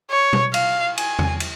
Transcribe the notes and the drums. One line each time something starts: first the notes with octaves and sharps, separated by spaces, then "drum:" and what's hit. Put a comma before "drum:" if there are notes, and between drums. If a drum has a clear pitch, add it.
C#5
drum: tom
F5, drum: cymbal
G#5, drum: cymbal
drum: tom E2
drum: cymbal